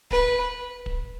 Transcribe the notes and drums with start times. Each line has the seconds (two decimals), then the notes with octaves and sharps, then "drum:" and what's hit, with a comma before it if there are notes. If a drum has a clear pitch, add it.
0.11 B4, drum: kick
0.86 drum: kick